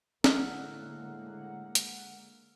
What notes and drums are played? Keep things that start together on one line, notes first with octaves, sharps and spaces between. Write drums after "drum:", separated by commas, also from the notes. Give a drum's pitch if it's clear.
A2 D3 G#3 A#3 F#5 E6 F6, drum: snare
drum: hi-hat